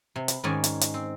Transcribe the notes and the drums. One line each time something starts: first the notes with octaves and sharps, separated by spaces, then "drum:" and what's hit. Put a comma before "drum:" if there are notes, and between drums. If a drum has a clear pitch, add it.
C3
B5, drum: hi-hat
G#2 D#3 G#3 C#4 D5 G#5
drum: hi-hat
drum: hi-hat
C4